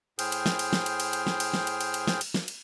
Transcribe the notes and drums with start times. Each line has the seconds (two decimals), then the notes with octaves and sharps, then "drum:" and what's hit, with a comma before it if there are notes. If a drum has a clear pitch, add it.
0.19 A2 G#4 C5 G5 F6, drum: cymbal
0.32 drum: cymbal
0.46 drum: snare
0.59 drum: cymbal
0.73 drum: snare
0.86 drum: cymbal
1.00 drum: cymbal
1.13 drum: cymbal
1.27 drum: snare
1.40 drum: cymbal
1.54 drum: snare
1.67 drum: cymbal
1.81 drum: cymbal
1.94 drum: cymbal
2.08 drum: snare
2.21 drum: cymbal
2.34 drum: snare
2.48 drum: cymbal